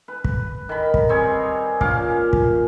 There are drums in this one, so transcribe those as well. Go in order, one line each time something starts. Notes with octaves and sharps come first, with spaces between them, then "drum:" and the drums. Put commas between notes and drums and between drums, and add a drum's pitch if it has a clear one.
B4
drum: kick
D#3 B5
drum: kick
G3 C4 G#4 C#5
A#2 C#4 F5 D6, drum: kick
drum: kick